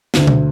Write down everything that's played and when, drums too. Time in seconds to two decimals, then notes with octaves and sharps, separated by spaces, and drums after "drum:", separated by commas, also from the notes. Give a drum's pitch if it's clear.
0.14 D2 D3, drum: snare
0.27 drum: tom B2